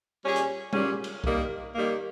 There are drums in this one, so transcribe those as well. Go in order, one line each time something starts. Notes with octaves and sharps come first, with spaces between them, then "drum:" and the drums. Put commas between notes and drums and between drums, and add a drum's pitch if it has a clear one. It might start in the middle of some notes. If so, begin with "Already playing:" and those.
A#2 G3 C#4 G#4
drum: hi-hat
A#2 G3 C#4 G#4, drum: tom G3
drum: cymbal
D#3 G3 A#3, drum: kick
D#3 G3 A#3